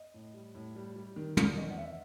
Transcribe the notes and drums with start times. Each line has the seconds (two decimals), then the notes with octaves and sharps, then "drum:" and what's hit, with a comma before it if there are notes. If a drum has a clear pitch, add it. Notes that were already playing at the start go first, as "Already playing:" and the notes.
Already playing: D#5
0.14 A2
0.34 G3
0.55 A2
0.76 G3
0.96 G3
1.16 D#3
1.37 E2, drum: tom
1.57 E2 D#5
1.70 F#5
1.78 E2 E5